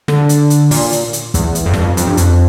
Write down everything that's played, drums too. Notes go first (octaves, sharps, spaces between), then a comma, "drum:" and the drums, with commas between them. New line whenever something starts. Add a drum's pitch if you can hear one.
D3, drum: snare
drum: hi-hat
drum: hi-hat
A#2, drum: open hi-hat
drum: hi-hat
drum: hi-hat
E2, drum: kick, hi-hat
drum: hi-hat
F2
G2, drum: snare
F2
F2, drum: hi-hat
G2
F2, drum: hi-hat